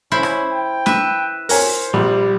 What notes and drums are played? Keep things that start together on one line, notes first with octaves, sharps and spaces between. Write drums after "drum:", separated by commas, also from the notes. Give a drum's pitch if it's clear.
C#4 E4 C5 B5
drum: rim click
G5
B4 E5, drum: snare
A#4 C5 C#5 G#5, drum: open hi-hat
A#1 G3